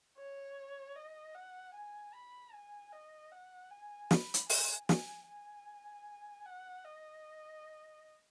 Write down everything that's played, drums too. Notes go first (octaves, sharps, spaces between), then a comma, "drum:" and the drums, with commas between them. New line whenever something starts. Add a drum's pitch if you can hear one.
C#5
D#5
F#5
G#5
B5
G#5
D#5
F#5
G#5
B5, drum: snare
drum: hi-hat
G#5, drum: open hi-hat
G#5, drum: snare
G#5
F#5
D#5